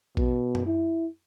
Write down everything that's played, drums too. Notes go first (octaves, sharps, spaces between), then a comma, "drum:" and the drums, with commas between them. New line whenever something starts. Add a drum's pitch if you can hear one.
B2, drum: kick A#1
drum: tom F#2
E4